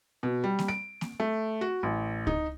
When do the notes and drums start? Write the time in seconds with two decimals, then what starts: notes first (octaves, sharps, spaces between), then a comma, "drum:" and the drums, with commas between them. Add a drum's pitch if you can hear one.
0.23 B2
0.44 G3
0.59 drum: snare A#3
0.68 D7
1.01 drum: snare A#3
1.20 A3
1.61 F#4
1.83 A1
2.27 D#4, drum: kick C#2